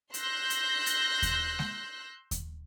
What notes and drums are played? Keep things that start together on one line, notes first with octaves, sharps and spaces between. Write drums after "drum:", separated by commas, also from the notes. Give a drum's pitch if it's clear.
C6 E6 F#6 G6 A#6, drum: hi-hat
drum: hi-hat
drum: hi-hat
drum: kick D#2, hi-hat
drum: snare G#3
drum: kick D#2, hi-hat